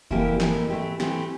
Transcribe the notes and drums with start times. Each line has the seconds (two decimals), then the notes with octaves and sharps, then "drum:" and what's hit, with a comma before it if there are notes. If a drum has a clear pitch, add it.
0.11 F2 E3 A#3 E4 G4, drum: kick F1
0.40 F2 E3 A#3 E4 G4, drum: snare
0.70 E3 A3 C4 G4
1.00 E3 A3 C4 G4, drum: snare